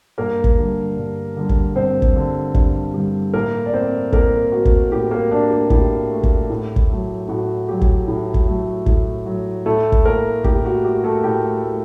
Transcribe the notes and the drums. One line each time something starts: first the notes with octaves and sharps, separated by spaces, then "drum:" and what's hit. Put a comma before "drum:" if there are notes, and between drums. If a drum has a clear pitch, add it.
G2 A#3 A#4
drum: kick
D3 G3
G2
D3 G3
drum: kick
G2 C4 C5
drum: kick
D3 G3
G2, drum: kick
D3 G3
A2 A#3 A#4
D5
A3 C4 C5
A2 A#3 A#4, drum: kick
A3 F#4
drum: kick
A2 G4
A#3 A#4
A3 D4 D5
G4
A2 G4, drum: kick
A3
drum: kick
A2
drum: kick
F#3 A3
A2 F#4
F#3 A3 G4
drum: kick
A2
drum: kick
F#3 A3
A2, drum: kick
F#3 A3
A2 A3 A4
drum: kick
A3 A#3 A#4
A2 G4, drum: kick
F#4
A3 G4
A3 A4
A2 G4 G5
A3